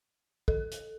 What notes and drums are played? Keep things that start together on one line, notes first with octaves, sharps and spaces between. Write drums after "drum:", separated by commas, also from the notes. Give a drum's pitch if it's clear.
A4, drum: kick
drum: hi-hat